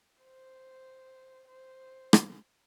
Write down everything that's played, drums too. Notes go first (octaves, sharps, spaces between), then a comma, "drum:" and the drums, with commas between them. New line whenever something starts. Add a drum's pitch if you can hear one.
C5
C5
drum: rim click